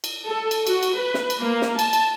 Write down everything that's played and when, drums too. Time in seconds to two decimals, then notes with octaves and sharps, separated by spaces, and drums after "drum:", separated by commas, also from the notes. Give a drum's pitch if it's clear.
0.04 drum: cymbal
0.27 A4
0.51 drum: cymbal
0.67 F#4, drum: cymbal
0.83 drum: cymbal
0.98 B4
1.14 drum: snare
1.30 drum: cymbal
1.40 A#3
1.61 drum: snare
1.79 A5, drum: cymbal
1.93 drum: cymbal